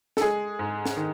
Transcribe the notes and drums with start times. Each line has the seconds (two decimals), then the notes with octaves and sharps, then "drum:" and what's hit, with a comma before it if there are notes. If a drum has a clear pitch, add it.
0.17 A4, drum: snare
0.21 G#3 G#4
0.59 G#2
0.86 drum: snare
0.97 D#3